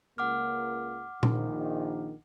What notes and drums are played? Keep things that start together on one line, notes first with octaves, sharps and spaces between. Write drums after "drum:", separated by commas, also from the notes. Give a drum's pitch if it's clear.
C#2 A#3 F#5 D6 F6
A#1 D#3, drum: tom A#2